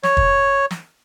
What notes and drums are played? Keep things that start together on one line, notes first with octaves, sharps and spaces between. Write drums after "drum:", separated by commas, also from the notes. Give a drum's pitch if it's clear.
C#5, drum: snare
drum: kick
drum: snare